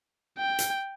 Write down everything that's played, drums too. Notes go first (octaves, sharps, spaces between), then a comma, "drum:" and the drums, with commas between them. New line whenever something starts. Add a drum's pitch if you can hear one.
G5
drum: hi-hat